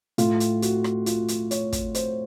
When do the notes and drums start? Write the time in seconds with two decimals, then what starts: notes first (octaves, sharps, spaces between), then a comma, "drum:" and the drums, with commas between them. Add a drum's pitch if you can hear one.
0.18 A2 F4, drum: hi-hat
0.40 drum: hi-hat
0.62 F#4, drum: hi-hat
0.84 drum: rim click
1.06 F4, drum: hi-hat
1.28 drum: hi-hat
1.51 C#5, drum: hi-hat
1.72 drum: kick, hi-hat
1.95 C5, drum: hi-hat